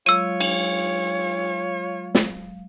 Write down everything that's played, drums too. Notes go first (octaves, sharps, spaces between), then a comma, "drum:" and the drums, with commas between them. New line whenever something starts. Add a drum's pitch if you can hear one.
F#3 G#3 F4 C#5 F5 E6 D#7
drum: cymbal
drum: snare